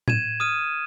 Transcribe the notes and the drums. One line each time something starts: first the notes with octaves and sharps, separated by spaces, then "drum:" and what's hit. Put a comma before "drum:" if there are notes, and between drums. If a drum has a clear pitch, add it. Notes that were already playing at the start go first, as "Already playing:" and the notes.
G#6 D#7 E7, drum: tom A2
D#6 F6 D#7